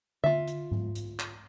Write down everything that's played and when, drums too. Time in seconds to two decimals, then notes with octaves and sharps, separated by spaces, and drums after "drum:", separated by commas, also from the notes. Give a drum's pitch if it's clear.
0.24 F4 E5, drum: tom D3
0.48 drum: hi-hat
0.71 drum: tom G#2
0.95 drum: hi-hat
1.19 drum: clap